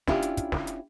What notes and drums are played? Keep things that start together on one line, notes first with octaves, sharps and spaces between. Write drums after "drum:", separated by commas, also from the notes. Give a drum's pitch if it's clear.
C#4 D4 E4 F4 G4, drum: snare
drum: hi-hat
drum: kick, hi-hat
drum: snare
drum: hi-hat